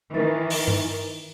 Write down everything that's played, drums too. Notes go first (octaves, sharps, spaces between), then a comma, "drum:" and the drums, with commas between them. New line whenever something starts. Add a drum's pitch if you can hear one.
D#3 E3 D#4 A#4 A6
drum: open hi-hat
drum: tom G2